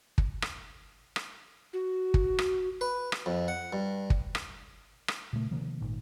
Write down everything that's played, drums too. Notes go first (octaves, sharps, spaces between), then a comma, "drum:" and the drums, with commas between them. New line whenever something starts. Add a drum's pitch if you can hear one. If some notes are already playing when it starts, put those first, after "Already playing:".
drum: kick
drum: rim click
drum: rim click
F#4
drum: kick
drum: rim click
B4
drum: rim click
F2
F#5
G2
drum: kick
drum: rim click
drum: rim click
A#2 C#3 A3
C3 D#3 F3 A#3
G#1 A#2 D#3